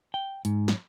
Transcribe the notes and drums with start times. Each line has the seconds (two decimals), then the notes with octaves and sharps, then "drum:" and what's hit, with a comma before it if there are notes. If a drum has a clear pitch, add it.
0.14 G5
0.45 G#2, drum: hi-hat
0.68 drum: snare